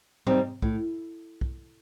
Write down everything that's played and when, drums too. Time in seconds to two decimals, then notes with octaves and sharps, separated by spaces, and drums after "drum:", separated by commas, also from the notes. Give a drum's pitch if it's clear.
0.27 G3 C4 D#4, drum: tom G#2
0.62 A2, drum: kick
1.41 drum: kick